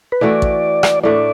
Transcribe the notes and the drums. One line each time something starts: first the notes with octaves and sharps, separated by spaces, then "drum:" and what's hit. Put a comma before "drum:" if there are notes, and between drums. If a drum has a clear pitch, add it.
B4
E3 A3 F#4 D5
drum: kick A1
drum: rim click
A2 A3 D4 D5